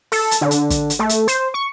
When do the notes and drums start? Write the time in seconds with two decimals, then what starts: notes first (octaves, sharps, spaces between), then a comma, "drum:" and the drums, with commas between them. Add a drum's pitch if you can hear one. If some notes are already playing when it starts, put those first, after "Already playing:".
0.12 A4, drum: open hi-hat
0.31 drum: hi-hat
0.41 D3
0.51 drum: hi-hat
0.70 drum: kick, hi-hat
0.90 drum: hi-hat
0.99 A3
1.09 drum: hi-hat
1.28 C5, drum: hi-hat
1.54 C#6